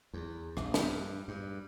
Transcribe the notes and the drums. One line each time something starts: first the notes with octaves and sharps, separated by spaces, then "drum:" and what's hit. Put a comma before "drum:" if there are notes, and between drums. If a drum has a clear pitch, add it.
E2
A#1, drum: rim click
G2, drum: snare
G2